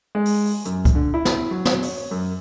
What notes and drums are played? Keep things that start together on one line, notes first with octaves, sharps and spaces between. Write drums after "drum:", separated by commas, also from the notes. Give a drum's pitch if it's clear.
G#3
drum: open hi-hat
drum: open hi-hat
F#2, drum: hi-hat
drum: kick C#2, hi-hat
D3
E4
drum: snare
F#3
drum: snare
C#5, drum: open hi-hat
F#2